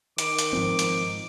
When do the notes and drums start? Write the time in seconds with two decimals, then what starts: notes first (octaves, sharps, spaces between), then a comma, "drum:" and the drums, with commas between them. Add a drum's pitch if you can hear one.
0.18 D#3 D6, drum: hi-hat
0.39 drum: hi-hat
0.53 G#2 F3 C4
0.79 drum: hi-hat